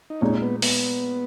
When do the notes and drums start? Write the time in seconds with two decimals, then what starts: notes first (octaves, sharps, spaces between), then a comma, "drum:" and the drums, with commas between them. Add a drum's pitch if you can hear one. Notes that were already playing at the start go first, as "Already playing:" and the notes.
0.10 D#4
0.21 A#2 G#3 C#4 D#4
0.42 B3
0.62 B3, drum: open hi-hat